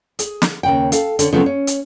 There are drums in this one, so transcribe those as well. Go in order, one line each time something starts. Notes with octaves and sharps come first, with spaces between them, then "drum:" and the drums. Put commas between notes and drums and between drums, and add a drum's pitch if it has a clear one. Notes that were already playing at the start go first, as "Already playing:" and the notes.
G#4, drum: hi-hat
drum: snare
D#2 C#3 G5
A4 F5, drum: hi-hat
D3 C#4, drum: hi-hat
C#3 F3 F#3 A3 B3 C4
C#4
drum: hi-hat